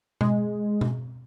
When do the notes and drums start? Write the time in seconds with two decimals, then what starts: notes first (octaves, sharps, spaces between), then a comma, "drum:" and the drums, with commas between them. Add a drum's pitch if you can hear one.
0.21 G#3, drum: tom B2
0.81 drum: tom B2